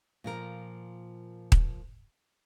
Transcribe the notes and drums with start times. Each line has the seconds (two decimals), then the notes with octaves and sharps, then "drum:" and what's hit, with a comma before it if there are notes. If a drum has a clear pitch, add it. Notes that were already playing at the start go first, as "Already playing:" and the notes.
0.24 A#2 F3 A#4
1.52 drum: kick D#1